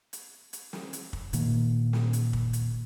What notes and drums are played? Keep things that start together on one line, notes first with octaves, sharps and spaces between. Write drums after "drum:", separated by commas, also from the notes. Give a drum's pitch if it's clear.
drum: hi-hat
drum: hi-hat
drum: snare
drum: hi-hat
drum: kick
A#2 D#3 A#3, drum: hi-hat
drum: snare
drum: hi-hat
drum: kick
drum: hi-hat